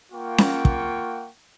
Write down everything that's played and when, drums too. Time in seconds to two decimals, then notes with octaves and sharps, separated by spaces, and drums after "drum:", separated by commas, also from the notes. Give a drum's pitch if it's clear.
0.12 A#3 F4 F#5 G5 C#6
0.38 drum: snare C#4
0.65 drum: kick